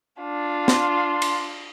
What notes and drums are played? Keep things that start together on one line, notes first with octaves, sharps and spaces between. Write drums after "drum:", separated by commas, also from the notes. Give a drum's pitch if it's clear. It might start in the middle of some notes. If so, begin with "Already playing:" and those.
D4 F4
C6, drum: snare
drum: cymbal